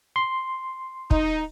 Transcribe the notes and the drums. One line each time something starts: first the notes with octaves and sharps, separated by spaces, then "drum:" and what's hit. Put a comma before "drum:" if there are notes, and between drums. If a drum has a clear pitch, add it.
C6
D#4, drum: kick